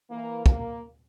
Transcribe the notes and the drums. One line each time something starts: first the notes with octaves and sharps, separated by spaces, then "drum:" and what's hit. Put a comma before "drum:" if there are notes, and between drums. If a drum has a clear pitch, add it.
E3 A#3
A#3, drum: kick